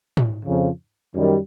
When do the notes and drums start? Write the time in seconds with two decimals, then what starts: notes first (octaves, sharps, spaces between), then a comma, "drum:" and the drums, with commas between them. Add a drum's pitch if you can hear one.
0.17 drum: tom
0.45 F2 C#3 F3
1.13 F#2 D#3 G3